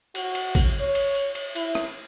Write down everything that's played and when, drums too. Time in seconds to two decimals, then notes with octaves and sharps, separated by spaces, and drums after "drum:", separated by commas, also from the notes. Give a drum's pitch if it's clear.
0.15 F#4, drum: cymbal
0.35 drum: cymbal
0.55 drum: kick G#1, cymbal
0.80 C#5
0.95 drum: cymbal
1.15 drum: cymbal
1.35 drum: cymbal
1.56 E4, drum: cymbal
1.75 drum: rim click